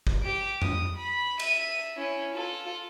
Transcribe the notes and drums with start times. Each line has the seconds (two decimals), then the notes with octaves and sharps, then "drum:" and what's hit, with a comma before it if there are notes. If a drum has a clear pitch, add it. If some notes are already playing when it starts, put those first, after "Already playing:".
0.07 drum: kick
0.24 G4 D7
0.62 D#6, drum: tom F2
0.97 B5
1.39 E5 D#7, drum: cymbal
1.97 C#4 E4
2.35 F4 A4